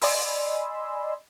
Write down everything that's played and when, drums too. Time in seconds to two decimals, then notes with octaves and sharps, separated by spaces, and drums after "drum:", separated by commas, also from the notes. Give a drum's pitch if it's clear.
0.01 D5 D#5 G#5 B5 C6 E6, drum: open hi-hat